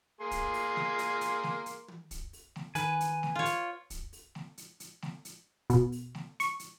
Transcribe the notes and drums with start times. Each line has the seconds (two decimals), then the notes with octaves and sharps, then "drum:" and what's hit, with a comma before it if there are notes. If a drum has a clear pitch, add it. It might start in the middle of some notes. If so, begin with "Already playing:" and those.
0.21 A#3 G#4 C6
0.31 drum: kick, hi-hat
0.54 drum: open hi-hat
0.76 drum: snare A3
0.99 drum: hi-hat
1.21 drum: hi-hat
1.43 drum: snare A3
1.66 drum: hi-hat
1.88 drum: tom
2.11 drum: kick, hi-hat
2.33 drum: open hi-hat
2.56 drum: snare A3
2.75 D#3 B4 G#5, drum: hi-hat
3.00 drum: hi-hat
3.23 drum: snare A3
3.35 F4 C#5
3.45 drum: hi-hat
3.90 drum: kick, hi-hat
4.13 drum: open hi-hat
4.35 drum: snare A3
4.58 drum: hi-hat
4.80 drum: hi-hat
5.02 drum: snare A3
5.25 drum: hi-hat
5.70 B2, drum: kick, hi-hat
5.92 drum: open hi-hat
6.15 drum: snare A3
6.40 C#6, drum: hi-hat
6.59 drum: hi-hat